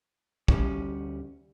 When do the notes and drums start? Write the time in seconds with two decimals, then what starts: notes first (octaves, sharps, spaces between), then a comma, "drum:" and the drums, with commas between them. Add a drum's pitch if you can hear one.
0.48 D2 G3 C#4 C#5, drum: kick